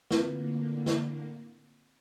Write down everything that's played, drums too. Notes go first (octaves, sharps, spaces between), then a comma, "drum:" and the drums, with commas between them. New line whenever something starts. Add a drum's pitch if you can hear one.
A2 D3 A#3 C4 F4 B4, drum: snare
drum: snare